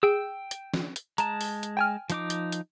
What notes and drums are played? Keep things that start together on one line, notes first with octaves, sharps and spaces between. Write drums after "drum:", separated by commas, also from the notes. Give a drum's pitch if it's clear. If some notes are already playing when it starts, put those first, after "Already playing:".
G#4 G5 E6
drum: hi-hat
drum: snare
drum: hi-hat
G#3 A5 A#5, drum: hi-hat
drum: open hi-hat
drum: hi-hat
G5 G#5 F6
F3 D#4 D6, drum: hi-hat
drum: hi-hat
drum: hi-hat